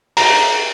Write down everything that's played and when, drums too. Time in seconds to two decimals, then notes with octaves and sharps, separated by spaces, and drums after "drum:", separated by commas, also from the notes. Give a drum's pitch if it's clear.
0.17 A#5, drum: open hi-hat